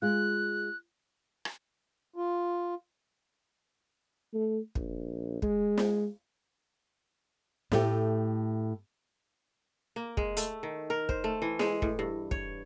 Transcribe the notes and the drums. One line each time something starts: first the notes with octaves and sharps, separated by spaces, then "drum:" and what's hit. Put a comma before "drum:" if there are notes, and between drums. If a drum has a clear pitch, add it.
G#3 F4 F#6
drum: rim click
F4
A3
A#1, drum: kick
G#3, drum: kick
drum: snare
A2 A3 G4, drum: snare
A#3
G#3, drum: kick
A3, drum: hi-hat
D#3
A#4
C5, drum: kick
A3
E3
G#3, drum: snare
A2, drum: kick
G2
C#5, drum: kick